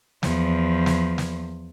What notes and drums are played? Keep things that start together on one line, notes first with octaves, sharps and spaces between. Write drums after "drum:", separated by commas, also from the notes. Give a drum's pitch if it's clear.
E2 F3, drum: snare
drum: snare
drum: snare